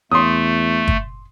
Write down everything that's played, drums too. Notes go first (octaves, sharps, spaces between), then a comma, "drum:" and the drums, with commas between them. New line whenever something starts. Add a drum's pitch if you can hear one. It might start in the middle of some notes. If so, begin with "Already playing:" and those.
E2 A3 C6 D#6
drum: kick